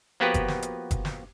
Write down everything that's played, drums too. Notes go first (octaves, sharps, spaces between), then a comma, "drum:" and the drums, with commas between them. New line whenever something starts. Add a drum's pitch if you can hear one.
F3 A#3 B3 F#4 G4 B4
drum: kick F#1, hi-hat
drum: snare
drum: hi-hat
drum: kick F#1, hi-hat
drum: snare